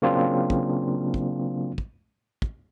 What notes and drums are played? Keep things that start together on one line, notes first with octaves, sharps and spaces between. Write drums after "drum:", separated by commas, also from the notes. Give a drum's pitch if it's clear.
C#3 F#3 A#3 C4 D4 F4
drum: kick
drum: kick
drum: kick
drum: kick